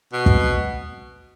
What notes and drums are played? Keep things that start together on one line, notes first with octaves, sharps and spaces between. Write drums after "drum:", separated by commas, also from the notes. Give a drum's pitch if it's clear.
B2
drum: kick